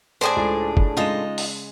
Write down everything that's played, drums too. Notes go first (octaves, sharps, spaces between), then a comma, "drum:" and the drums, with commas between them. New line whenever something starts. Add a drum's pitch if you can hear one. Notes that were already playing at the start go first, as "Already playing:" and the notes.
A2 D4 G#4 C5 D5 G#5
C#2
drum: kick F#1
C#3 G#3 D#4 F4 D#5 E7
drum: open hi-hat